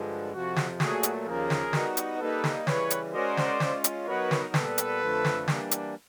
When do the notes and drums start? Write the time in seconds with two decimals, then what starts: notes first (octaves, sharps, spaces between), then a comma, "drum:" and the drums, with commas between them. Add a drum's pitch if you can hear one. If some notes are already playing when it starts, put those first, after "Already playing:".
Already playing: G2 D3 F3 G#3
0.33 F2 C3 F3 F#4
0.56 drum: snare
0.80 A#2 F#3 A3 F#4 G#4, drum: snare
1.03 drum: hi-hat
1.26 D#2 C#3 F3 A#3 G#4 A#4
1.50 drum: snare
1.73 G3 B3 D#4 F#4, drum: snare
1.97 drum: hi-hat
2.20 G3 A#3 D#4 A4 B4
2.44 drum: snare
2.67 C#3 E3 G3 B4 C#5, drum: snare
2.90 drum: hi-hat
3.13 G#3 C#4 F#4 A#4 C5 D5 D#5
3.37 drum: snare
3.60 G#3 C#4 F4, drum: snare
3.84 drum: hi-hat
4.07 F#3 B3 D#4 F#4 A#4 B4 C#5
4.31 drum: snare
4.54 A#2 G3 B3 A4 B4, drum: snare
4.78 drum: hi-hat
5.02 F2 D3 F3 A3
5.25 drum: snare
5.48 E3 G3 A#3 D4, drum: snare
5.71 drum: hi-hat